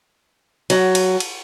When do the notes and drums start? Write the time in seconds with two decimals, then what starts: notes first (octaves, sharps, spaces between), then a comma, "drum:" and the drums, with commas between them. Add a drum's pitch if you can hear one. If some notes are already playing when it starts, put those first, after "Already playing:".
0.70 F#3, drum: cymbal
0.95 drum: cymbal
1.20 drum: cymbal